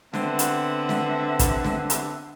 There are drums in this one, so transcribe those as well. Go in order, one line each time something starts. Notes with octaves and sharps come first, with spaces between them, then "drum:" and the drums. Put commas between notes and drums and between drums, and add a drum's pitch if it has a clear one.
D3 B3 C4 E5 F#5, drum: snare
drum: hi-hat
drum: snare
drum: kick, hi-hat
drum: snare
drum: hi-hat